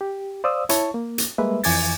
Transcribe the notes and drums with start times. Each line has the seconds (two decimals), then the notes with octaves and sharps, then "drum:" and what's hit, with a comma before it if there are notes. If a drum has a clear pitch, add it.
0.01 G4
0.44 C5 D5 F5 D#6 E6
0.69 E4 C#5 A5 C#6, drum: hi-hat
0.94 A#3
1.18 drum: hi-hat
1.38 G3 G#3 A#3 B4 E5
1.64 F2 E3 G#5 D6 G#6 A6, drum: open hi-hat